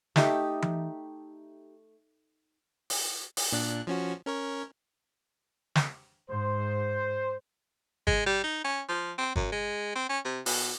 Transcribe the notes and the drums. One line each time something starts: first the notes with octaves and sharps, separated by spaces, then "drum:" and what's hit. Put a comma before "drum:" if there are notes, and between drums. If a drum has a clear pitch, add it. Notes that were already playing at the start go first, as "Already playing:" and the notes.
A3 D#4 G4, drum: snare
drum: tom E3
drum: open hi-hat
drum: open hi-hat
A#2 D4 F#6
F3 C#4 F#4
C#4 A#4 C#5
drum: snare
G#2 C5
G#3, drum: kick
G3
D#4
C#4
F3
C4
F#2, drum: kick
G#3
C4
C#4
C3
B2, drum: open hi-hat